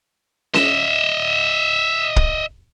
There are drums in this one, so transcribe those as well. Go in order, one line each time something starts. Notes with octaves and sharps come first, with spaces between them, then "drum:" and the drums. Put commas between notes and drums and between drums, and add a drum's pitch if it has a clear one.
D#5 E5, drum: snare C#4
drum: kick